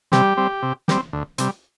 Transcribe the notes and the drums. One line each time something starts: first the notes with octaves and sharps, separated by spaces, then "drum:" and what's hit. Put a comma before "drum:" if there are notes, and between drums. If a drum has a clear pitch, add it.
C3 G3 G4, drum: snare
G3 C4
C3
G3 C4, drum: snare
D2
C3 G3, drum: hi-hat